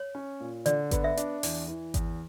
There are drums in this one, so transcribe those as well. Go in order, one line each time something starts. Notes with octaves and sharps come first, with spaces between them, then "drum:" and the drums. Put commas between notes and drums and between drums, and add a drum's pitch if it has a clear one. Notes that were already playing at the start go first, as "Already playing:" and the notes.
Already playing: C#5
C#4
A#2
D3 D5, drum: hi-hat
B3, drum: kick G#1, hi-hat
E5
D4, drum: hi-hat
E2, drum: open hi-hat
E3
E2, drum: kick G#1, hi-hat